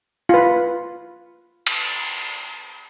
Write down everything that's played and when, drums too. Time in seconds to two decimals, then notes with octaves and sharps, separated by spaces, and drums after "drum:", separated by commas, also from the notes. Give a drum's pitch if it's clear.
0.29 F4 B4
1.67 drum: cymbal